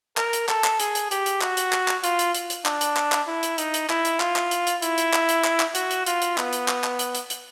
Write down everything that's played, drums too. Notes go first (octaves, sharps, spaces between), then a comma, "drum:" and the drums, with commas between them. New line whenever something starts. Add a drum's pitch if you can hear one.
A#4, drum: clap
drum: hi-hat
A4, drum: clap
drum: clap
G#4, drum: hi-hat
drum: hi-hat
G4, drum: hi-hat
drum: hi-hat
F#4, drum: clap
drum: hi-hat
drum: clap
drum: clap
F4, drum: hi-hat
drum: hi-hat
drum: hi-hat
drum: hi-hat
D4, drum: clap
drum: hi-hat
drum: clap
drum: clap
E4
drum: hi-hat
D#4, drum: hi-hat
drum: hi-hat
E4, drum: clap
drum: hi-hat
F4, drum: clap
drum: clap
drum: hi-hat
drum: hi-hat
E4, drum: hi-hat
drum: hi-hat
drum: clap
drum: hi-hat
drum: clap
drum: clap
F#4, drum: hi-hat
drum: hi-hat
F4, drum: hi-hat
drum: hi-hat
B3, drum: clap
drum: hi-hat
drum: clap
drum: clap
drum: hi-hat
drum: hi-hat
drum: hi-hat